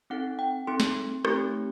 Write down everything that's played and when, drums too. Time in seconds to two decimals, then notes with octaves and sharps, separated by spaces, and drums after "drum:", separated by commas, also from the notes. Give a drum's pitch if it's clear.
0.10 C4 D#4 A4 F#5
0.39 G5
0.67 C4 D#4 A4 C6
0.80 drum: snare
1.25 A3 C4 D#4 G4, drum: rim click